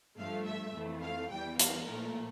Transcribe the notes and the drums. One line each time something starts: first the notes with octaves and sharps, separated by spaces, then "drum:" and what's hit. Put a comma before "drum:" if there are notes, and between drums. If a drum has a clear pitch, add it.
G2 F3 A3 F5
E5
F2 E3 A3
F5
E2 E3 G3 G5
F5, drum: hi-hat
A#2 F3 A3 A#4